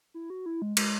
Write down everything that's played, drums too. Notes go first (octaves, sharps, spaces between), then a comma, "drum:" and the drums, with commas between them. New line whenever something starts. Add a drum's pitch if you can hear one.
E4
F#4
E4
G#3
G#3, drum: cymbal